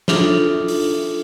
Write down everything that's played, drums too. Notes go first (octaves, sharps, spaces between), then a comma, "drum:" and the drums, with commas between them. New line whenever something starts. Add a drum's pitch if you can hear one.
D4 D#4 F4 A4 E5, drum: snare
drum: open hi-hat